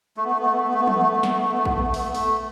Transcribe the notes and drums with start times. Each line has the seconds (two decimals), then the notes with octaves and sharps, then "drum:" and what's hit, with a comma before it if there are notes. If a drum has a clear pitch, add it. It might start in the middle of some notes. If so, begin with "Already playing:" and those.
0.17 A3
0.25 B3
0.30 A3
0.39 B3
0.45 A3
0.52 B3
0.60 A3
0.67 B3
0.74 A3
0.80 B3
0.87 A3, drum: tom
0.95 B3
1.02 A3
1.09 B3
1.16 A3
1.23 B3, drum: snare
1.30 A3
1.37 B3
1.44 A3
1.52 B3
1.58 A3
1.65 B3, drum: kick
1.72 A3
1.79 B3
1.87 A3
1.94 B3, drum: open hi-hat
2.01 A3
2.08 B3
2.15 A3, drum: open hi-hat